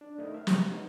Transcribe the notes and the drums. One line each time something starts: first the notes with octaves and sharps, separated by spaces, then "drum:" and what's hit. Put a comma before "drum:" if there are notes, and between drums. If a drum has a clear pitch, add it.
D4
A3 D#4 A#4
E5 F5
C#3 F#3 B3 G4 D#6, drum: snare
B3 D#4